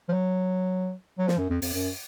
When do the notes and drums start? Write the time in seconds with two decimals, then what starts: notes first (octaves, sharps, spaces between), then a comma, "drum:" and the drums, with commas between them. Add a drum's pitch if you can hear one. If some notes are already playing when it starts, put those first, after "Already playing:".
0.09 F3
0.13 F#3
1.19 F#3
1.28 F3, drum: snare
1.38 F#2
1.50 F2
1.62 F2, drum: open hi-hat
1.73 F#2